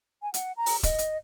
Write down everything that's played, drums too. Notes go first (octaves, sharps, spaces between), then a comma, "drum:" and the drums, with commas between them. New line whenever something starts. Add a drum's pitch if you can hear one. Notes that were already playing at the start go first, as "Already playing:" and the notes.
G#5
F#5, drum: hi-hat
A#5
drum: open hi-hat
D#5, drum: kick D#1, hi-hat
drum: hi-hat